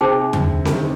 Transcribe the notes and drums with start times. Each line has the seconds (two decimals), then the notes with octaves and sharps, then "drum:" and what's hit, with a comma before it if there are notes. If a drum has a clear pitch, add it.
0.01 C3 D#4 G#4 C5 G5
0.33 D3, drum: tom E2
0.65 D#3, drum: snare C4